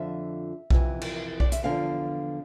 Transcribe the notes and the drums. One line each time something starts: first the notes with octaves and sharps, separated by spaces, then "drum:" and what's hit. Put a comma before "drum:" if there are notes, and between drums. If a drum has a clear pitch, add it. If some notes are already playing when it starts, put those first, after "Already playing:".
Already playing: F2 D3 F3 E5
F2 C3 E3, drum: kick B1
drum: cymbal
D5, drum: kick B1
E5, drum: hi-hat
E2 D3 F3 F5